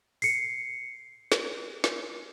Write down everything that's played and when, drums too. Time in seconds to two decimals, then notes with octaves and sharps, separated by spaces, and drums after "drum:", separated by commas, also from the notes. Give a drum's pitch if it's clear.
0.22 C7 C#7, drum: open hi-hat
1.32 drum: snare
1.84 drum: snare